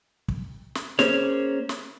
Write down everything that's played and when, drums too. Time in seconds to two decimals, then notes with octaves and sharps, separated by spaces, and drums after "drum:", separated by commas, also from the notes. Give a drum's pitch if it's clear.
0.28 drum: kick
0.75 drum: snare
0.99 A#3 C#4 G#4 C5 C#5, drum: snare
1.69 drum: snare